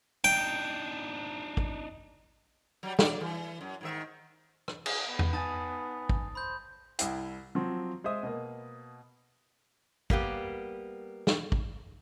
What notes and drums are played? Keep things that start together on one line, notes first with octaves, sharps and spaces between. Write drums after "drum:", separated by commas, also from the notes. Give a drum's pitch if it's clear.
D4 D#4 G5
drum: kick
F#3 G3
F#3 D5, drum: snare
E3
F#2
G#2 D#3 E5
drum: rim click
G#4, drum: cymbal
B3
drum: tom E2
D#4 G#5 A5 D#6 A6
drum: kick
C5 B5 G6
C2 E4 G5, drum: hi-hat
F3 F#3 C4
G#3 C5 E5 D#6
B2 A#3
G3 A#3 B3 G4, drum: kick
drum: snare
drum: kick